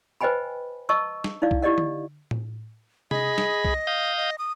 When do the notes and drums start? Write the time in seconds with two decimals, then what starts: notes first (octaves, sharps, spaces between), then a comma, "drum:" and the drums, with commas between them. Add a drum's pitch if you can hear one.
0.21 B4 C5 D#5 G5 G#5 B5
0.89 D#5 A5 C#6 E6
1.24 drum: snare
1.42 D#4 E4 D5 F5
1.51 drum: kick C2
1.62 E4 G4 D5 D#5 F#5
1.78 drum: tom D3
2.31 drum: tom A2
3.11 G#4 D#5 B5, drum: tom C3
3.38 drum: snare
3.65 drum: kick C2
3.87 F5 D#6 G6
4.17 D#5
4.38 D#6